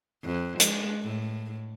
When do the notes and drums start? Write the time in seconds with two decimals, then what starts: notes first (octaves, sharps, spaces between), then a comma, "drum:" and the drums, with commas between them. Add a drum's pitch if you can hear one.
0.24 F2
0.60 G#3, drum: hi-hat
1.02 A2